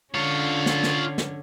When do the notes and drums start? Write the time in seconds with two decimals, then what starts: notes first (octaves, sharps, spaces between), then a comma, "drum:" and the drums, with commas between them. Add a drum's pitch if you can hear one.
0.14 D3 C#4 F4 C#5
0.66 drum: snare
0.83 drum: snare
1.18 drum: snare